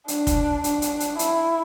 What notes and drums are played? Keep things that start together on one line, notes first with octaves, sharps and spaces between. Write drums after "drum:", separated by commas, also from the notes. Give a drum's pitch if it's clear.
D4, drum: hi-hat
drum: kick, hi-hat
D4, drum: hi-hat
drum: hi-hat
drum: hi-hat
E4, drum: hi-hat